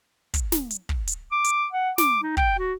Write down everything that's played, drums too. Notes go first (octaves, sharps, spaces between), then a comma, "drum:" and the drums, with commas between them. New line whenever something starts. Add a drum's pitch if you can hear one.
drum: kick, hi-hat
drum: snare
drum: hi-hat
drum: kick
drum: hi-hat
D6
drum: hi-hat
F#5
D6, drum: snare
D#4
G5, drum: kick
F#4